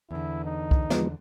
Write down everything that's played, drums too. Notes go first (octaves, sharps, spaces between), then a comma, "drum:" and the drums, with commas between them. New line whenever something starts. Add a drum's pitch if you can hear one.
E2 D3 E4
D#4
drum: kick
F3 G#3 B3, drum: snare